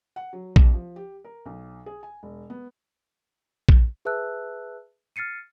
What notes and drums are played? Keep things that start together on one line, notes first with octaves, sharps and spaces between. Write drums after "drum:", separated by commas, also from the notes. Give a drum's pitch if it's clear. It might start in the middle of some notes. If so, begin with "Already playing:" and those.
F#5
F#3
C2, drum: kick A#1
F3
G4
A#4
B1
G#4
G#5
E1
B3
drum: kick A#1
G#4 B4 E5 A5 E6 F#6
F6 A6 C7 C#7 D#7